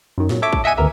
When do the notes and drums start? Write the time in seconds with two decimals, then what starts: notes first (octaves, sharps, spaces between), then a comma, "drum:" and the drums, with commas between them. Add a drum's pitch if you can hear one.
0.18 F#2 D#3
0.29 A#2 F#3, drum: snare
0.42 A4 C#5 E5 D6
0.53 drum: kick
0.64 D#5 E5 F#5 G#5 D#7
0.77 G#1 D2 B3 A#4 E5